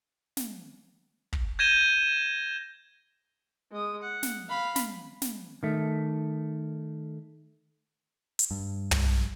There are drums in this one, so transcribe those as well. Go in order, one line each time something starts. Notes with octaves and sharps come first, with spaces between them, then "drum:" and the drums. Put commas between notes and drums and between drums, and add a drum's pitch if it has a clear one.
drum: snare
drum: kick
G6 G#6 A#6 D#7 E7 G7
G#3 D#6
F#5
drum: snare
F5 B5
drum: snare
drum: snare
D#3 A3
drum: hi-hat
G2
drum: tom